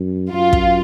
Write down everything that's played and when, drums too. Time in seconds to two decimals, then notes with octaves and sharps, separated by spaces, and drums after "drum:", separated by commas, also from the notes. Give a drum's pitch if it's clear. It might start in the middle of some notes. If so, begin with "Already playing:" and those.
Already playing: F#2
0.33 F#2 F4
0.53 drum: kick